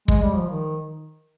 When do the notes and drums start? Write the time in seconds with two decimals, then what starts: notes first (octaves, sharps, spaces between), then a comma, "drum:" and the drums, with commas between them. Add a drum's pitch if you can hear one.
0.08 G#3, drum: kick
0.22 G3
0.36 F3
0.50 D#3